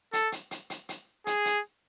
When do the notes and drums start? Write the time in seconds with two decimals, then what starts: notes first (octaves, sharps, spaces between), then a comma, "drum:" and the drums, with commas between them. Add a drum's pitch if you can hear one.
0.13 A4, drum: hi-hat
0.32 drum: hi-hat
0.51 drum: hi-hat
0.70 drum: hi-hat
0.89 drum: hi-hat
1.27 G#4, drum: hi-hat
1.45 drum: hi-hat